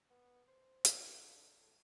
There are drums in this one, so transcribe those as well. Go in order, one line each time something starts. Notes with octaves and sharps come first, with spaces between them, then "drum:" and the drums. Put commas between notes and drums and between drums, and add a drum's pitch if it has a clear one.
B3
C5
drum: hi-hat
C#2
D3
A2